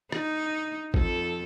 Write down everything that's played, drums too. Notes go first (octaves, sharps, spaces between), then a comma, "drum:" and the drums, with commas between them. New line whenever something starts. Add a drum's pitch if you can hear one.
D#4, drum: rim click
F2 A4, drum: kick